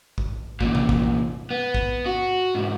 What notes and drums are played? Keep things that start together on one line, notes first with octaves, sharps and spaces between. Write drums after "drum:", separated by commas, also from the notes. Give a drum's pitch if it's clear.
drum: kick A1
E2 A#2, drum: kick A1
drum: tom C3
drum: kick A1
B3
drum: kick A1
F#4
B1 G#2